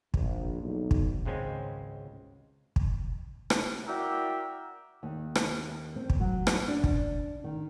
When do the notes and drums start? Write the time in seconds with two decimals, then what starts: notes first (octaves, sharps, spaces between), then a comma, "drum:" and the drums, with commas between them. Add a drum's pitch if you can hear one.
0.14 A#1, drum: kick
0.63 B1
0.91 drum: kick
1.25 G#1 C#2 G#3 C4 C#4 G#5
2.76 drum: kick
3.50 drum: rim click
3.87 E4 F#4 A#4 D5 E5 G5
5.03 D#2
5.35 drum: rim click
5.96 C4
6.10 drum: kick
6.20 F#3
6.47 drum: rim click
6.68 D4
6.84 drum: kick
7.44 D#3